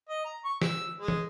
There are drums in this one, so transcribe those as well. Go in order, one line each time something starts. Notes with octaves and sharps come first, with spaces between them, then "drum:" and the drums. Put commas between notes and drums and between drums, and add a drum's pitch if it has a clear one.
D#5
A#5
C#6
E6, drum: snare
G#3
drum: tom